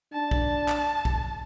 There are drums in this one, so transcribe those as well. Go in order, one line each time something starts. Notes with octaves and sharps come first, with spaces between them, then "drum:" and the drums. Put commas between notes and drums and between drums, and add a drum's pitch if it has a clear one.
D4 A5
drum: kick B1
drum: clap
drum: kick B1